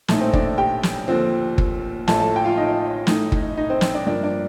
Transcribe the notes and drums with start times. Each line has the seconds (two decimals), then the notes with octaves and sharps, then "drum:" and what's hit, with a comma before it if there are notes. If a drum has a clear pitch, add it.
0.08 A#1 A2 A3 D#4 A4, drum: snare
0.21 C4 C5
0.33 D4 D5, drum: kick
0.58 G4 G5
0.83 drum: snare
1.08 D#2 D3 F3 C4
1.58 drum: kick
2.08 A1 A2 F3 A3 A4 A5, drum: snare
2.20 A4 A5
2.36 G5
2.45 F4 F5
2.57 D#4 D#5
3.07 A2 A3 D#4, drum: snare
3.32 drum: kick
3.57 D#4 D#5
3.70 C4 C5
3.81 C4 C5, drum: snare
3.94 D4 D5
4.06 G2 F3 A#3 D4 D5
4.23 D4 D5